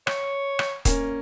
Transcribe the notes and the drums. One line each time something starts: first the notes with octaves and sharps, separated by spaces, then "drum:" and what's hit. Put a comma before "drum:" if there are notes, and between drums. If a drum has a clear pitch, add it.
C#5, drum: rim click
drum: rim click
A#3 C#4, drum: kick, hi-hat